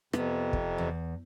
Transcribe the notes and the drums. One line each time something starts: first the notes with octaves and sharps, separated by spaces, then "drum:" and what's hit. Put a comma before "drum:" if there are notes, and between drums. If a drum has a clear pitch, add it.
F2 C3 B3, drum: rim click
drum: kick
E2